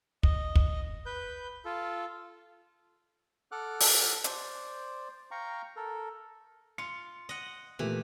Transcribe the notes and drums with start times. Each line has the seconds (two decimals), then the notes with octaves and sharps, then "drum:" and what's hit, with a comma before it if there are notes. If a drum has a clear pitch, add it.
0.23 D#5, drum: kick
0.56 drum: kick
1.06 B4 G6
1.65 F4 A4
3.52 A4 F#5 D6 F6 F#6
3.80 drum: open hi-hat
4.24 C5 D5, drum: hi-hat
5.31 F5 G5 A#5 C#6
5.76 A4 A#4
6.78 F4 C#7
7.29 D#5 F#5
7.79 A#2 E3 A3 G4